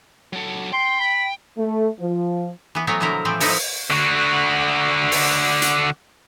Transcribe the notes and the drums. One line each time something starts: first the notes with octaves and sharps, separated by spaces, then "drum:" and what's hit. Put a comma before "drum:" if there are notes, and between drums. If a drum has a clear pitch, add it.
F#3 A4
G5 C6
B5
A3
F3
E3 B3
E3 F#3 A3 B3 A#4 C#5
B2 D3 F3 F#3 E4 A#4
A2 E3 F3 C4 D5
F3 F#3 D#4 E4 A4 A#4, drum: open hi-hat
D3 F#4
drum: open hi-hat
drum: hi-hat